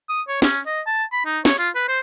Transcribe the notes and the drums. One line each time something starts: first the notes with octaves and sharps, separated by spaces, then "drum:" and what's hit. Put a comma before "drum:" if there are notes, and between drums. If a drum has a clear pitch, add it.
D#6
C#5
C#4, drum: snare
D#5
A5
B5
D#4
C#5, drum: snare
F4
B4
C5